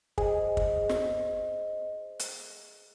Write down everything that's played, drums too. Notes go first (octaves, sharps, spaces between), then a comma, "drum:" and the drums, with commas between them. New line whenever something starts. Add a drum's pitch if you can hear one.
G#4 C5 D#5, drum: kick
drum: kick
drum: snare
drum: hi-hat